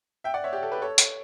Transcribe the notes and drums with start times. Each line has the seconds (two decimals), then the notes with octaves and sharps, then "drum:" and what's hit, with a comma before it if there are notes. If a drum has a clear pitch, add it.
0.24 E5 G5
0.34 D5 F#5
0.44 C#5 E5
0.53 G4
0.63 A4
0.72 G4 B4
0.82 A4 C#5
0.98 drum: hi-hat